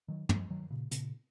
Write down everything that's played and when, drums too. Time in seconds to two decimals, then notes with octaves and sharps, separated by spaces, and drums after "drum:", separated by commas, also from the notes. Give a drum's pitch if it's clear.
0.08 D#3 F#3
0.29 F3 G#3, drum: tom
0.50 D#3 F#3
0.70 A#2 C#3
0.91 A#2 C#3, drum: hi-hat